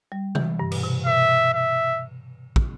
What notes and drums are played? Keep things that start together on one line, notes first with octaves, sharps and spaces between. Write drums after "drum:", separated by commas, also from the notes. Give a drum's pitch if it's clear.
G3
E3, drum: tom C3
G2
B2, drum: cymbal
C3
B2 E5
E5
drum: kick